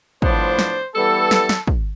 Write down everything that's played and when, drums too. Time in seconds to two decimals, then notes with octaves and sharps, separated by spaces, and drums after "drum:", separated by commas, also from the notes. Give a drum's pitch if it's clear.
0.22 A2 F3 B3 D4 C5, drum: kick
0.59 drum: snare
0.94 E3 G3 B3 A4
1.31 drum: snare
1.49 drum: snare
1.67 drum: kick